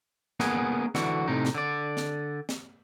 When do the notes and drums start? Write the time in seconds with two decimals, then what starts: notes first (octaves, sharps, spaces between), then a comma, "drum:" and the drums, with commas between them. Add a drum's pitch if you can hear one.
0.40 A#3 B3 G#4 A#4 F#5 G#5, drum: snare
0.95 D3 E3 F#4, drum: snare
1.28 A2 C3 D#4
1.45 drum: snare
1.54 D3 D5
1.97 drum: snare
2.49 drum: snare